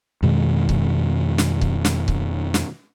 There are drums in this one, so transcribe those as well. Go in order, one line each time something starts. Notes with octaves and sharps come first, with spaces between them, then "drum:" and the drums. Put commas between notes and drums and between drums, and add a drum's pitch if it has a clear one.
F2 B2 D#3 G#3
drum: kick C#1
drum: snare
drum: kick C#1
drum: snare
drum: kick C#1
drum: snare